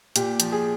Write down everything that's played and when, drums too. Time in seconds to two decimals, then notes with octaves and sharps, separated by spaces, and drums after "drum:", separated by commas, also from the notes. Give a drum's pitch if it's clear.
0.16 A#2 G4, drum: hi-hat
0.40 F3, drum: hi-hat
0.52 G#4